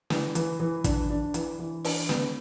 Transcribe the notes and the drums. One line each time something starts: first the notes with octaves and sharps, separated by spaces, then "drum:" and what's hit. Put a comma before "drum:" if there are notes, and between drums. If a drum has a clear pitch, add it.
E3, drum: snare
E3, drum: hi-hat
E3
D4, drum: kick, hi-hat
D4
E3, drum: hi-hat
E3
D4, drum: open hi-hat
B3, drum: snare